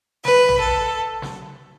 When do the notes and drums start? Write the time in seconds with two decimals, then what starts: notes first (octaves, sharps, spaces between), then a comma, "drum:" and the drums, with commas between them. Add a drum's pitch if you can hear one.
0.25 B4, drum: snare
0.49 drum: tom
0.60 A4
1.22 drum: snare